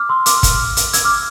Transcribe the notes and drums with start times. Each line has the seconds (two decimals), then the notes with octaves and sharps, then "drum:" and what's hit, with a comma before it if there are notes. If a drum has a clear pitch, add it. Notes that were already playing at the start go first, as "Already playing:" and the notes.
Already playing: D6 F6
0.09 C6 E6
0.26 D6 F6, drum: hi-hat
0.43 drum: kick, hi-hat
0.77 drum: hi-hat
0.93 E6 G#6, drum: hi-hat
1.04 D6 F6